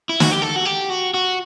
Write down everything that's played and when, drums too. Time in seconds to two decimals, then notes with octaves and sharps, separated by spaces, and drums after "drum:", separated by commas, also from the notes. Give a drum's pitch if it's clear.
0.09 E4
0.20 F#4, drum: snare
0.31 G4
0.42 A4
0.56 F#4
0.65 G4
0.90 F#4
1.14 F#4